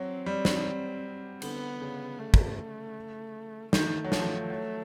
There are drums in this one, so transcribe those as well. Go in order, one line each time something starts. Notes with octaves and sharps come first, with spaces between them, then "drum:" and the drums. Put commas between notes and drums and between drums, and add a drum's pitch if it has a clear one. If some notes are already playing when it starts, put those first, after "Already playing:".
Already playing: F#3 C4
G3
drum: snare
D3 B3, drum: cymbal
C#3
A3
drum: kick
D#3 A3, drum: snare
F#3
F3, drum: snare
F#3